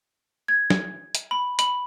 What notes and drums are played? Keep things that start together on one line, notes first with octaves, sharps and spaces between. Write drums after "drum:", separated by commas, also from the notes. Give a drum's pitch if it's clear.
G#6
drum: snare
drum: hi-hat
B5
B5, drum: hi-hat